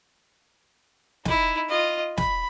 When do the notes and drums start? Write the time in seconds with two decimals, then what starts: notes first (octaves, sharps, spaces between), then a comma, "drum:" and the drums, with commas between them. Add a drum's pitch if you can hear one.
1.25 D#4 E4, drum: snare
1.69 F4 D#5
2.17 B5, drum: snare